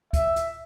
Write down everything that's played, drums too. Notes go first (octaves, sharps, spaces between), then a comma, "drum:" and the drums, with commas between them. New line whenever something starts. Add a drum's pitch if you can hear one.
E5, drum: kick, hi-hat
drum: hi-hat